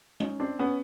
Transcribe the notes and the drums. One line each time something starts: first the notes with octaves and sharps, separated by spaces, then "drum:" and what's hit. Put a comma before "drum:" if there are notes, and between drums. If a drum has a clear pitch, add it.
C#4 D#4, drum: tom
C4 D4
B3 C#4